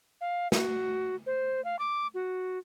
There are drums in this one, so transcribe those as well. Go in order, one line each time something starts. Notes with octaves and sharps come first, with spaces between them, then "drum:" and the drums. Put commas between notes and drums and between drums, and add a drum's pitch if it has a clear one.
F5
F#4, drum: snare
C5
F5
D6
F#4